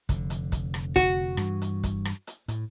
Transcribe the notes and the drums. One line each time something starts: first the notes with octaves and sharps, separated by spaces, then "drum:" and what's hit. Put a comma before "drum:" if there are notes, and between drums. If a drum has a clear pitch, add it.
F1 D3, drum: kick, hi-hat
drum: hi-hat
drum: kick, hi-hat
drum: rim click
F#4, drum: kick, hi-hat
G2 E3, drum: rim click
drum: hi-hat
drum: kick, hi-hat
drum: rim click
drum: hi-hat
A2, drum: hi-hat